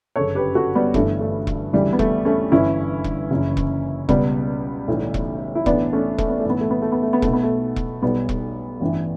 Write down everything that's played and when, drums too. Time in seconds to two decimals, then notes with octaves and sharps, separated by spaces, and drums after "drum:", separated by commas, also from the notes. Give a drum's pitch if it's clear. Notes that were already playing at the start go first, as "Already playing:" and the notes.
0.16 G1 F#2 C#3 A4 C#5
0.35 G4 B4
0.55 F#4 A4
0.75 G3 B3
0.94 G1 G2 E3 A3, drum: kick E1
1.21 A3
1.47 drum: kick E1
1.73 D2 C#3 E3 G3
1.93 B3
1.99 A3, drum: kick E1
2.25 A3 C#4
2.52 G1 G2 E3 C#4 E4
3.04 drum: kick E1
3.31 F#1 F#2 C#3 E3
3.57 drum: kick E1
4.09 C#2 B2 G3 B3, drum: kick E1
4.88 B1 A2 E3
5.14 drum: kick E1
5.55 E4
5.66 B1 A2 E3 B3 D4, drum: kick E1
5.93 A3 C#4
6.18 A3, drum: kick E1
6.29 B3
6.40 A3
6.45 B1 A2 E3 B3
6.61 A3
6.70 B3
6.82 A3
6.92 B3
7.02 A3
7.13 B3
7.22 B1 B2 A3, drum: kick E1
7.33 B3
7.43 A3
7.76 drum: kick E1
8.02 B1 B2 G3 B3
8.29 drum: kick E1
8.81 A1 G2 E3